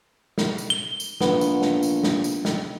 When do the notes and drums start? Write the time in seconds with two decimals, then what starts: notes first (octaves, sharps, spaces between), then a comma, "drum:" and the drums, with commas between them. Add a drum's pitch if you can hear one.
0.38 drum: snare
0.58 drum: tambourine
0.70 G7
1.00 drum: tambourine
1.21 A#1 B3, drum: snare
1.41 drum: tambourine
1.62 drum: snare
1.83 drum: tambourine
2.03 drum: snare
2.24 drum: tambourine
2.45 drum: snare